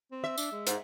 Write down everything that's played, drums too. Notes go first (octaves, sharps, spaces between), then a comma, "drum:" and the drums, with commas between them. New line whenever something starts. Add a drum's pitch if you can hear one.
C4
E5
D4, drum: tambourine
G#3
G#2, drum: hi-hat